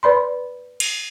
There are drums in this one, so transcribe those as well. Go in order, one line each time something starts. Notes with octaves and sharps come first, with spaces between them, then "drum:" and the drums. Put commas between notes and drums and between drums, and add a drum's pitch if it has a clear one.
B4 D5 B5 C6
drum: cymbal